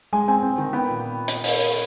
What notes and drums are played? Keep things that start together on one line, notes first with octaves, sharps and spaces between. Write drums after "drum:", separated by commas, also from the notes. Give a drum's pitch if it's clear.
G#3 G#5
C4 G#5
C4
D#3
B3 G5
A#2
drum: hi-hat
drum: open hi-hat